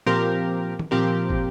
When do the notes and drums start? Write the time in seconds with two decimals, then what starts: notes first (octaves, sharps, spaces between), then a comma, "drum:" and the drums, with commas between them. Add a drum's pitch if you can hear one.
0.06 A#2 F3 C4 G4 A#4
0.79 drum: tom
0.91 A#2 F3 C4 G4 A#4
1.30 drum: kick